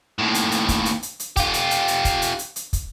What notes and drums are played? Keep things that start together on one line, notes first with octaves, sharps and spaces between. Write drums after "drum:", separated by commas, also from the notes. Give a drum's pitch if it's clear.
D#2 A2
drum: hi-hat
drum: hi-hat
drum: kick, hi-hat
drum: hi-hat
drum: hi-hat
drum: hi-hat
F4 G4, drum: kick, hi-hat
drum: hi-hat
drum: hi-hat
drum: hi-hat
drum: kick, hi-hat
drum: hi-hat
drum: hi-hat
drum: hi-hat
drum: kick, hi-hat